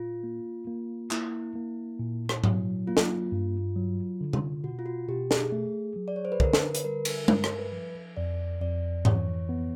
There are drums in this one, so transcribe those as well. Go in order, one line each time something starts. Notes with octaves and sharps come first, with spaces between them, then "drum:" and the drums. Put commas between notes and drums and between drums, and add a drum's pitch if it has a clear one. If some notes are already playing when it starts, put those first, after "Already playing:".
Already playing: A#2 F4
A#3
A#3
A#3 E4, drum: clap
A#3
A#2
drum: rim click
F#3, drum: tom G#2
A#3 F4
drum: snare
G2
F#3
D3
drum: tom C3
B2 F#4
F4
F#4
B2 G4
G#4, drum: snare
A3
F#3
D5
C#5
C5
B4
D3 A#4, drum: kick
drum: snare
B4, drum: hi-hat
G3 A#4
drum: cymbal
G2 A#4, drum: tom G#3
drum: rim click
B4
F3
F2 D5
F2 D5
E3 C#5, drum: tom G#2
B3